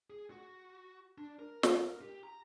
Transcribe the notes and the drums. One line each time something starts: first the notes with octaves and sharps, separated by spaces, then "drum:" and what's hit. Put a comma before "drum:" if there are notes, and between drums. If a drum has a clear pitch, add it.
G#4
F#4
D4
A#4
A#4, drum: snare
G4
A#5